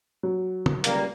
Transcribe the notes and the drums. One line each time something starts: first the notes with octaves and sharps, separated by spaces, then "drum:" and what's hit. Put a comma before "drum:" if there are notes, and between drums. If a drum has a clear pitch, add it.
F#3
drum: tom
C#2 G3 A#3, drum: hi-hat